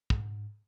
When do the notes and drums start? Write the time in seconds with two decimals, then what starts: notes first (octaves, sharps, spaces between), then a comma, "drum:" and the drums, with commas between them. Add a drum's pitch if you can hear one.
0.10 G#2, drum: kick